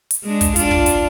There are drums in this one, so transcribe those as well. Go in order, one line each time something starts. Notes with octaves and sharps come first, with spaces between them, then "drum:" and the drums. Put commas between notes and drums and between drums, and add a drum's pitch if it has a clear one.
drum: hi-hat
G#3 D4
drum: kick, hi-hat
D4 F4, drum: hi-hat
drum: kick
drum: hi-hat